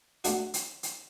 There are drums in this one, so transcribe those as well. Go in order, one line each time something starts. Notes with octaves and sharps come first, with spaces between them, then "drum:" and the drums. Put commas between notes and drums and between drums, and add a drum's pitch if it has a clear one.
A3 D4 F#4, drum: hi-hat
drum: hi-hat
drum: hi-hat